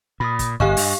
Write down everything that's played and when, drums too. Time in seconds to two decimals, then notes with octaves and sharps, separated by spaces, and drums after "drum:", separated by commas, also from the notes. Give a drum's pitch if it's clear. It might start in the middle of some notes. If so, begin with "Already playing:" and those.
0.20 A#2 B5 D#6
0.39 drum: kick, hi-hat
0.60 G1 G2 G4 D#5 F5 G#5 C#6, drum: kick
0.77 G2, drum: open hi-hat